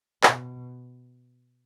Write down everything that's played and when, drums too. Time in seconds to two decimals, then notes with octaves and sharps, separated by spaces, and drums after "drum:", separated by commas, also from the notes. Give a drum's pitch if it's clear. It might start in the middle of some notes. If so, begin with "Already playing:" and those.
0.23 B2, drum: clap